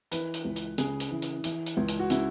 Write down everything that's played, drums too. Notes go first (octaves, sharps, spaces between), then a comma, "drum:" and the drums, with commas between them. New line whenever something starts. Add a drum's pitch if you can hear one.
E3 B4, drum: hi-hat
drum: hi-hat
C#2
drum: hi-hat
C#3 G#4, drum: hi-hat
drum: hi-hat
E3
drum: hi-hat
E3, drum: hi-hat
drum: hi-hat
C#2
drum: hi-hat
F#4
C#3 E4, drum: hi-hat